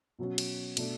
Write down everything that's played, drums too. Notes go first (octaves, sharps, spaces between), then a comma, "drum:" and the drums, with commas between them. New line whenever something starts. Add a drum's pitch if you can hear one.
B2 F#3 C#4 F#4
drum: cymbal
B2 A3 D4 F#4, drum: cymbal